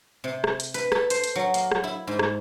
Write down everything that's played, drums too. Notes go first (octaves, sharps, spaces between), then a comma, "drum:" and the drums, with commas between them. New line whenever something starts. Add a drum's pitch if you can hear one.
C3
drum: rim click
drum: hi-hat
B4, drum: hi-hat
A4, drum: rim click
C5, drum: hi-hat
drum: hi-hat
F#3
A#3, drum: hi-hat
drum: rim click
E4
G#2
drum: rim click